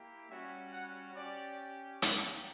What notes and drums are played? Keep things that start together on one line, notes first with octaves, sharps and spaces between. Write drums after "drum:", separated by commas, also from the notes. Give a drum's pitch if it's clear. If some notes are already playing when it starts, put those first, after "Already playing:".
Already playing: A#3 E4 G4
G3 C#4 F#4 E5
F#5
C#4 G4 D5
A#3 D4 G4, drum: hi-hat